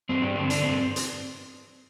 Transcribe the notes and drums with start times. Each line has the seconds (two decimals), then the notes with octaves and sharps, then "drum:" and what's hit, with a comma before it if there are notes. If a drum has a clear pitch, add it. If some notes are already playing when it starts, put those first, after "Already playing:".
0.09 G2 C4
0.22 G2 D4
0.36 D3 C4
0.50 D3 D4, drum: hi-hat
0.63 G2 C4
0.96 drum: hi-hat